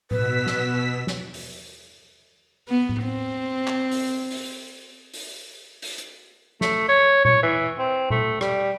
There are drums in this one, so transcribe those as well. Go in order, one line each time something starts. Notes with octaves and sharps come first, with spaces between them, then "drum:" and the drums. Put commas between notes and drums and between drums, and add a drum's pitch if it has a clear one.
B2 B4 E6 B6, drum: tom A2
drum: snare
drum: snare
drum: open hi-hat
B3
drum: tom A2
C4
drum: clap
drum: open hi-hat
drum: open hi-hat
drum: open hi-hat
drum: open hi-hat
drum: hi-hat
A3, drum: snare
C#5
C#5, drum: tom A#2
E3
C4
A3, drum: tom A#2
G3, drum: rim click